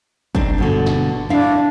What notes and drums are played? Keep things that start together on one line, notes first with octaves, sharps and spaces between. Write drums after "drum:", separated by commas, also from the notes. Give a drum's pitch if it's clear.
C4 D4 D#4, drum: kick
G2 B2 D3
drum: snare
D4 E4 F5